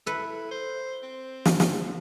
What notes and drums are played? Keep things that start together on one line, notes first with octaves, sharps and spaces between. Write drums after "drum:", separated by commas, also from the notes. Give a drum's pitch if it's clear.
E4 A4 B4
C5
C4
drum: snare
drum: snare